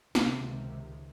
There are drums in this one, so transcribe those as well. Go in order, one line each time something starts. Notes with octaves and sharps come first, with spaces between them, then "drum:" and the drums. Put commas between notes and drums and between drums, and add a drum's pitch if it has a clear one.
C#2 C3 D#3, drum: snare